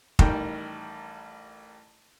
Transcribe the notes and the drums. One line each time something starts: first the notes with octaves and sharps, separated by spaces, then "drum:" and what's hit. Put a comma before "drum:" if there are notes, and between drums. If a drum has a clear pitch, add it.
A1 D#3 G3 A#4 G5, drum: kick